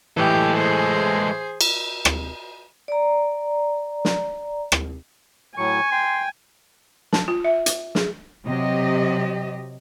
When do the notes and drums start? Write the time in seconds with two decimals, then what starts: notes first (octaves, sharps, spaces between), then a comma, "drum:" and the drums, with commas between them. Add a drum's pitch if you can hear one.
0.17 A2 E3 G#3 G4 A4
0.54 G#4 C5 G#5
1.61 drum: cymbal
2.05 drum: rim click
2.88 D5 A#5
4.05 drum: snare
4.72 drum: rim click
5.58 A2 F#3 G#5 C#6
5.92 G5 C6
7.13 A5, drum: snare
7.28 F4
7.45 E5
7.66 drum: hi-hat
7.95 G#4, drum: snare
8.46 C3 F#3 G4 D#5